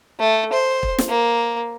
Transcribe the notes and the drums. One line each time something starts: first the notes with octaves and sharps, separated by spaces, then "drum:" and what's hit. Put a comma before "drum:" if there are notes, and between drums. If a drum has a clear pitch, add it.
A3
C5
drum: kick
drum: snare
A#3